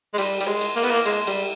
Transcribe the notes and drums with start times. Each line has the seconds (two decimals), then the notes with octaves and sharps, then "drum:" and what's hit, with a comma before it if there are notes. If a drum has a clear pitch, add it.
0.14 G#3
0.18 G3, drum: cymbal
0.41 G3, drum: cymbal
0.47 G#3
0.61 drum: cymbal
0.76 A#3
0.84 B3, drum: cymbal
0.90 A#3
1.06 G#3, drum: cymbal
1.27 G3, drum: cymbal